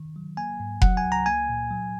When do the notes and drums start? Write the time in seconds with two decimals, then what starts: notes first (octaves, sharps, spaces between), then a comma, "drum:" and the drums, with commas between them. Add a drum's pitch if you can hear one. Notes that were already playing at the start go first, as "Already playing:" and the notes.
Already playing: D#3
0.16 F#3
0.37 A#3 G#5
0.60 G#2
0.82 F#3 F#5, drum: kick F1
0.97 G#5
1.05 C#2
1.12 A#5
1.26 A#3 G#5
1.49 A#2
1.71 F#3